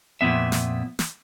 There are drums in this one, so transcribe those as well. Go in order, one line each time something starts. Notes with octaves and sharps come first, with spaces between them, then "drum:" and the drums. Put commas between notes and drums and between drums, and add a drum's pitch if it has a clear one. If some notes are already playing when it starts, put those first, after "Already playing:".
F2 A#2 B3 E5
drum: snare
drum: snare